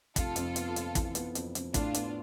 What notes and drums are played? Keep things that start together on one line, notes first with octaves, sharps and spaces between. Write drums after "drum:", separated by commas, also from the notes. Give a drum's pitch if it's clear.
F1 F4 A4, drum: kick, hi-hat
F2, drum: hi-hat
B3, drum: hi-hat
F2, drum: hi-hat
E3, drum: kick, hi-hat
B3, drum: hi-hat
F2, drum: hi-hat
F2, drum: hi-hat
A2 D4 F4, drum: kick, hi-hat
B3, drum: hi-hat